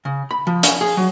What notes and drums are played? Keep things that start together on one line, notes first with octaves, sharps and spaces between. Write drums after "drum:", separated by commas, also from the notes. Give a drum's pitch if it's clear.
C#3
B5
F3
C#4, drum: hi-hat
G#4
F#3